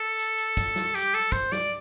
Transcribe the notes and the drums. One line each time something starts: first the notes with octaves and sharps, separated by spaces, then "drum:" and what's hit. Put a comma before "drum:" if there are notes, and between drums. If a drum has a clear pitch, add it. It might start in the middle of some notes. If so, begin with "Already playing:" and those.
Already playing: A4
drum: tambourine
drum: tambourine
drum: kick, tambourine
drum: snare
G4, drum: tambourine
A4, drum: tambourine
C5, drum: kick, tambourine
D5, drum: snare